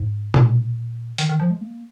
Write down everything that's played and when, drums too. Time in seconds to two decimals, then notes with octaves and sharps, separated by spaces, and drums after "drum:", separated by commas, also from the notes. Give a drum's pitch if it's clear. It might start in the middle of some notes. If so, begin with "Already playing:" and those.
Already playing: G#2
0.34 A#2, drum: tom B2
1.18 D#3, drum: hi-hat
1.29 D#3
1.40 F3
1.50 G#3
1.61 A#3